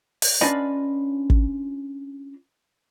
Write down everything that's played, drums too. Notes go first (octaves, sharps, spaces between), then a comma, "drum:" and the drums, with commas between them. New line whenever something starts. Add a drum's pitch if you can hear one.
drum: open hi-hat
C#4 D4 F4 B4 D5 D#5
drum: kick